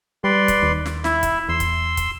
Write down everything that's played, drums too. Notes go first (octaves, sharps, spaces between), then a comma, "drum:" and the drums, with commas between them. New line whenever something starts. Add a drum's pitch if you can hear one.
G3 B4 D5 C6
drum: kick, hi-hat
D#2
drum: snare
E4 E5, drum: snare
drum: kick, hi-hat
E2 C6 E6
drum: kick, hi-hat
drum: kick, hi-hat